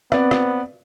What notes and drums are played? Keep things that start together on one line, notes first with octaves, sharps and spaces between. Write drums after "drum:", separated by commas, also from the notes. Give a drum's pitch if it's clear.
B3 C4 B4 D5, drum: rim click
drum: rim click